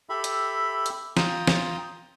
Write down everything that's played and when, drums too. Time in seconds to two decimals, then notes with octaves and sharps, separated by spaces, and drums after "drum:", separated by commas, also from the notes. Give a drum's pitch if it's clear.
0.10 G4 A4 E5 B5
0.24 drum: hi-hat
0.86 drum: hi-hat
1.17 F4 G5 A#5 C6 D#6, drum: snare
1.47 drum: snare